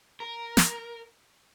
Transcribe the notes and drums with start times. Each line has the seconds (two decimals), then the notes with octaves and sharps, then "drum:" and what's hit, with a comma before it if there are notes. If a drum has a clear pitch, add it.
0.20 A#4
0.57 drum: snare